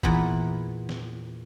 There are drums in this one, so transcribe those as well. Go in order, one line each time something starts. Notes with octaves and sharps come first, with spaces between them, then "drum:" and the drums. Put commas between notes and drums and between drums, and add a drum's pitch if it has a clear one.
E2 A#2 B3 F#5 B5, drum: kick G1
drum: snare